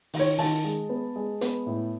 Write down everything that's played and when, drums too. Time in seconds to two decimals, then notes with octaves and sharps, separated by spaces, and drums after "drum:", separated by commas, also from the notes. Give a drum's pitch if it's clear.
0.14 D#3, drum: open hi-hat
0.20 C#5
0.38 D#3 A5, drum: open hi-hat
0.64 G#3
0.89 B3
1.16 G#3
1.41 B3, drum: hi-hat
1.67 A2